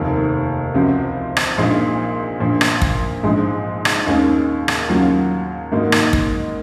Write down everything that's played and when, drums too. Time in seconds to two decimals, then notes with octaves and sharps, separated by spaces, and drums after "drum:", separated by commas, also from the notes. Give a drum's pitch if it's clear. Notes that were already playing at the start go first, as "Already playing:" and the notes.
Already playing: F1 D#2 D#3
0.74 C#2 C3 F3 C4 F#4
1.37 drum: rim click
1.58 A#1 A#2 F3 G#3 D#4
2.40 A#1 A#2 F3
2.61 drum: rim click
2.82 drum: kick
3.23 A#1 G#2 F3 G#3
3.85 drum: rim click
4.06 D#2 D#3 G#3 C#4
4.68 drum: rim click
4.89 D#2 C#3 F#3 C#4 F4
5.72 G#2 D#3 A#3 D#4 F#4
5.92 drum: rim click
6.13 drum: kick